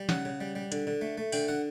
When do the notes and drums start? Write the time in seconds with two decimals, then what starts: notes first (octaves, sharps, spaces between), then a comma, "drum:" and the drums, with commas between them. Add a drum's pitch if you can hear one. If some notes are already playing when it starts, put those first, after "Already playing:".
Already playing: G3
0.09 C#3 F#5, drum: snare
0.25 C#3
0.41 G3
0.55 G3
0.72 D3, drum: hi-hat
0.87 D3
1.01 A3
1.18 A3
1.32 D3 G5, drum: open hi-hat
1.48 D3 F#5